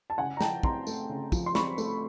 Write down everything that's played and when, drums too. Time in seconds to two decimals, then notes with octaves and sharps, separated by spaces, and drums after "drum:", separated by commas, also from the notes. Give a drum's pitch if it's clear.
0.10 A5
0.18 C#3 F#5 G#5
0.37 A#5
0.41 F3 G5 A5, drum: snare
0.63 C4 A#5 C6, drum: kick
0.87 A3, drum: tambourine
1.09 C#3
1.32 F3, drum: kick, tambourine
1.46 C6
1.55 C4 B5 C#6, drum: snare
1.78 A3, drum: tambourine